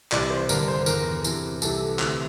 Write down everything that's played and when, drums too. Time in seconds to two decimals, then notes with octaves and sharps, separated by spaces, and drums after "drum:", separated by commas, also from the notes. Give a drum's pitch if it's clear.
0.12 C2 C3 E3 D5, drum: clap
0.30 C5
0.49 G2 D3 A#4, drum: tambourine
0.68 C5
0.86 E2 D3 A#4, drum: tambourine
1.24 E2 C3 E3, drum: tambourine
1.62 C2 C3 E3 A4, drum: tambourine
1.99 D2 C3 E3, drum: clap